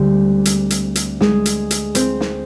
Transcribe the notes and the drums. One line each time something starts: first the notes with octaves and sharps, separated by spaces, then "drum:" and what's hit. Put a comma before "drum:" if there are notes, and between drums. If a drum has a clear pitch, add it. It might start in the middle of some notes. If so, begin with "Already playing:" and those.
Already playing: D2 D3 G3 G#3 C4 G4
drum: hi-hat
drum: hi-hat
drum: hi-hat
G#3 G#4, drum: snare
drum: hi-hat
drum: hi-hat
C4 C5, drum: hi-hat
drum: snare